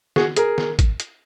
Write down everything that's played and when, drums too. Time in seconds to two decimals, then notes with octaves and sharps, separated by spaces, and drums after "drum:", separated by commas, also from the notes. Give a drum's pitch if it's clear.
0.16 F#4 G#4, drum: snare
0.36 G#4 A#4, drum: hi-hat
0.58 drum: snare
0.79 drum: kick G#1, hi-hat
1.00 drum: hi-hat